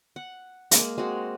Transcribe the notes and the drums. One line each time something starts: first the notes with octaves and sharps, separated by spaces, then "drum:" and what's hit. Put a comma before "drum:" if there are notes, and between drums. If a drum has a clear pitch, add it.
F#5
G#3 A#3, drum: hi-hat
G#3 C4 F#4